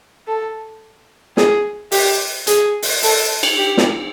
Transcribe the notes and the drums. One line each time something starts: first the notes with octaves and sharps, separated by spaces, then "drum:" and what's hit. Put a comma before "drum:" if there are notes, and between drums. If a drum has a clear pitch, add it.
A4
G#4, drum: snare
G4, drum: open hi-hat
G#4, drum: hi-hat
drum: open hi-hat
A4, drum: open hi-hat
drum: cymbal
G4
drum: snare